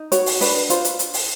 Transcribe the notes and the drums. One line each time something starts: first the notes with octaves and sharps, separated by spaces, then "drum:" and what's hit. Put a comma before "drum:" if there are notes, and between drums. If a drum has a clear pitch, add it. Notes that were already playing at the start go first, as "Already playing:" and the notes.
Already playing: D#4
F#4 C#5, drum: hi-hat
drum: open hi-hat
D4 B4, drum: open hi-hat
F4 C5, drum: hi-hat
drum: hi-hat
drum: hi-hat
drum: open hi-hat